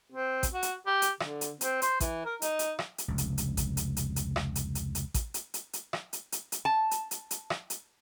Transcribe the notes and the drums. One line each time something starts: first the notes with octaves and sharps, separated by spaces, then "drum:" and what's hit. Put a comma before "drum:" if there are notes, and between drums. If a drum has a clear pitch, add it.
C4
drum: kick A1, hi-hat
F#4
drum: hi-hat
G4
drum: hi-hat
D3, drum: rim click
drum: hi-hat
C4, drum: hi-hat
C5, drum: hi-hat
E3, drum: kick A1, hi-hat
A#4
D#4, drum: hi-hat
drum: hi-hat
drum: rim click
drum: hi-hat
F1 C#2
drum: hi-hat
drum: hi-hat
drum: kick A1, hi-hat
drum: hi-hat
drum: hi-hat
drum: hi-hat
drum: rim click
drum: hi-hat
drum: hi-hat
drum: hi-hat
drum: kick A1, hi-hat
drum: hi-hat
drum: hi-hat
drum: hi-hat
drum: rim click
drum: hi-hat
drum: hi-hat
drum: hi-hat
A5
drum: hi-hat
drum: hi-hat
drum: hi-hat
drum: rim click
drum: hi-hat